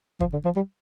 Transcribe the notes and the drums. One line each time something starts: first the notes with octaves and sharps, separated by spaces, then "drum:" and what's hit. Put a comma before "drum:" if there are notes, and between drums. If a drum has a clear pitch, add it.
F3, drum: kick
D3
F3
G3